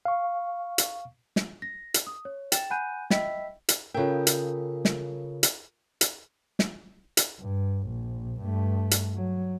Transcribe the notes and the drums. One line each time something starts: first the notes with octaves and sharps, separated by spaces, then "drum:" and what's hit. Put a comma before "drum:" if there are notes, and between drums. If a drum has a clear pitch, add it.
F5 C#6
drum: hi-hat
drum: snare
A#6
drum: hi-hat
D#6
C#5
G5 A6 E7, drum: hi-hat
F#5 G#5 B5 F#6 G6 D#7
D#5 E5 G5 B5 E6 B6, drum: snare
drum: hi-hat
C#3 F4 A4 A#4 G5
drum: hi-hat
drum: snare
drum: hi-hat
drum: hi-hat
drum: snare
drum: hi-hat
G2
A#1
G2 A3
drum: hi-hat
F#3